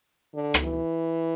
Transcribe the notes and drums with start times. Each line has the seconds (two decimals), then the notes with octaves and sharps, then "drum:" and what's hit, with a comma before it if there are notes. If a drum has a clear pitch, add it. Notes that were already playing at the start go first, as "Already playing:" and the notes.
0.35 D3
0.54 drum: rim click
0.64 E3